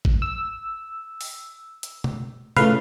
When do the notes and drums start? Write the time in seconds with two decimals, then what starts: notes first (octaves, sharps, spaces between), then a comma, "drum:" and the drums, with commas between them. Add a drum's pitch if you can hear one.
0.05 drum: kick G#1
0.22 E6
1.21 drum: open hi-hat
1.83 drum: hi-hat
2.04 drum: tom B2
2.57 C#3 A3 F4 B4 F5, drum: tom B2